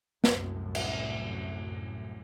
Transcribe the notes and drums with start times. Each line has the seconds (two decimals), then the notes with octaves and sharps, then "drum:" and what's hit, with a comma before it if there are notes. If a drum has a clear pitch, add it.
0.24 C2 F#2 A2, drum: snare
0.75 drum: cymbal